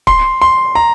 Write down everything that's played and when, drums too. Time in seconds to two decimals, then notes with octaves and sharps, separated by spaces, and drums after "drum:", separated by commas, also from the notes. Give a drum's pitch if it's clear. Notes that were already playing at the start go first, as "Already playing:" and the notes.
0.07 C6, drum: kick C#1
0.42 C6
0.75 A#5